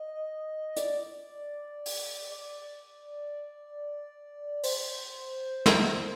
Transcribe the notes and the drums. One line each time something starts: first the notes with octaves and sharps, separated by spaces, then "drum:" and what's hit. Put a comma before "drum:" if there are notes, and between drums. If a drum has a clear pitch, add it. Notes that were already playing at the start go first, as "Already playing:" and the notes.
Already playing: D#5
D5, drum: hi-hat
drum: open hi-hat
D5
C5, drum: open hi-hat
drum: snare